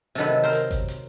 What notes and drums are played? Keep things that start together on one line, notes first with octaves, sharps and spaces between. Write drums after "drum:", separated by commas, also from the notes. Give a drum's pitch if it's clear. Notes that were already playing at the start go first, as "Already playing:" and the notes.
C3 D#3 F#3 A4 B4, drum: hi-hat
A#4 C5
drum: hi-hat
drum: kick G#1, hi-hat
drum: hi-hat